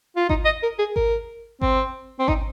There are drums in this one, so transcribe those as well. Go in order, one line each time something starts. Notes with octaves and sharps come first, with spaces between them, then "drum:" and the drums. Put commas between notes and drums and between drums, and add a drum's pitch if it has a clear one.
F4
D#4, drum: kick G#1
D#5
A#4
G#4
A#4, drum: kick G#1
C4, drum: kick G#1
C4
D#4, drum: kick G#1